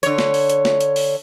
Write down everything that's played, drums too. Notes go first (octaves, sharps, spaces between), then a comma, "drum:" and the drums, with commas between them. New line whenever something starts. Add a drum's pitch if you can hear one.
D3 C#5, drum: hi-hat
drum: snare
drum: open hi-hat
drum: hi-hat
drum: snare
drum: hi-hat
drum: open hi-hat